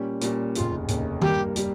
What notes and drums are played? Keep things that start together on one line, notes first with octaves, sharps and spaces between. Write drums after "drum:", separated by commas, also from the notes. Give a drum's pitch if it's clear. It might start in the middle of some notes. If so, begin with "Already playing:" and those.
Already playing: A#2 G3 C#4
A#2 G3 C#4, drum: hi-hat
F1 D#2 C#3 F4, drum: hi-hat
F1 D#2 C#3, drum: hi-hat
G2 G3 A#3 G4, drum: tom D#3
G3 A#3, drum: hi-hat